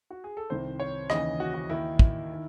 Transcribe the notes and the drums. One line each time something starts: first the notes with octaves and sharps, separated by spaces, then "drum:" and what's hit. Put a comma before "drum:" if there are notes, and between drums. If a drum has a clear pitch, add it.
F#4
G#4
A4
C2 C3 D#3 C5
C#5
D#2 C#3 E3 D#5, drum: rim click
F#4
F#4
D#2 D#3 E4
drum: kick
D#3